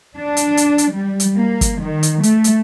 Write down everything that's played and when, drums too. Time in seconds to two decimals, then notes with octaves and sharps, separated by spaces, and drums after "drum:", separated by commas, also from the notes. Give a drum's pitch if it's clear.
0.16 D4
0.37 drum: hi-hat
0.57 drum: hi-hat
0.78 drum: hi-hat
0.93 G3
1.20 drum: hi-hat
1.38 A#3
1.61 drum: kick, hi-hat
1.81 D#3
2.03 drum: hi-hat
2.23 A3, drum: hi-hat
2.44 drum: hi-hat